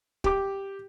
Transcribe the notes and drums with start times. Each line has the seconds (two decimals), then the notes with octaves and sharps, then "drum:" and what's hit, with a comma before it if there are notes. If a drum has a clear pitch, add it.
0.24 G4 D6, drum: kick